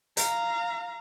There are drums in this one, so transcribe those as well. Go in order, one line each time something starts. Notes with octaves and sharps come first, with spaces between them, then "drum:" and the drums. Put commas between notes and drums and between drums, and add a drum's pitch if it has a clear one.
F5 A#5, drum: hi-hat